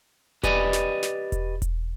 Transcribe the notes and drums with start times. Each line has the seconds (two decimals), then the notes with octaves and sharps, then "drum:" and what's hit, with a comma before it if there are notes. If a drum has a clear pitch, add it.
0.43 G4 B4 D5 D#5 G#5, drum: kick E1, hi-hat
0.73 drum: snare
1.03 drum: snare
1.32 drum: kick E1, hi-hat
1.62 drum: kick E1, hi-hat